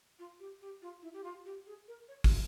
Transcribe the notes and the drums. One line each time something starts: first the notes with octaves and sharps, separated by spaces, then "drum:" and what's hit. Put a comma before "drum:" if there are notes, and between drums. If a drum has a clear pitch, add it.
F4
G4
G4
F4
E4
G4
F4
G4
G#4
A#4
C#5
G4, drum: kick, open hi-hat